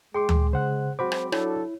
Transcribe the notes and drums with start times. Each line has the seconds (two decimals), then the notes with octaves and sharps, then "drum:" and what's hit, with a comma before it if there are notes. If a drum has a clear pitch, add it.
0.14 G#3 G#4 G5 C6 D6
0.29 drum: tom D2
0.53 C#3 C5 F#5 F#6
0.99 F#3 G#3 C4 F#4 C5 B5 D6
1.12 drum: rim click
1.32 F#3 D4 E4 A4 C#5, drum: rim click